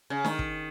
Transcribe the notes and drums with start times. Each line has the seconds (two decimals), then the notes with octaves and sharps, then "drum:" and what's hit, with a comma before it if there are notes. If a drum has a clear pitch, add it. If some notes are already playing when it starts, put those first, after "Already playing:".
0.10 C#3
0.24 D#3, drum: snare D4
0.39 drum: kick